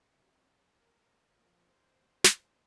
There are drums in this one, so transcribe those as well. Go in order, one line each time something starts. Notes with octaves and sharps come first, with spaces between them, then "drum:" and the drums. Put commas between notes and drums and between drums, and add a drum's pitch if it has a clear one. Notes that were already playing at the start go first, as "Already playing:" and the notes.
C3 F#3
A#4
A#2 F3 A#4
C5
drum: snare